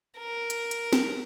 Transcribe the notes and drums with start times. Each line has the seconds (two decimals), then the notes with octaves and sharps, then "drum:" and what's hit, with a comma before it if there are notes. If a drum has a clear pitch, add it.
0.18 A#4
0.50 drum: hi-hat
0.71 drum: hi-hat
0.93 drum: snare